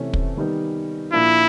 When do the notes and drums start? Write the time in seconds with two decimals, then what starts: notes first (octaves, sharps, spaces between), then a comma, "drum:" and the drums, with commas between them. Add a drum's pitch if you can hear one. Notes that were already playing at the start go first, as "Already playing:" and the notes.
Already playing: C3 E3 A3 C#4
0.13 drum: kick
0.37 D#3 G3 B3 D#4
1.13 A#2 F3 A#3 D4 E4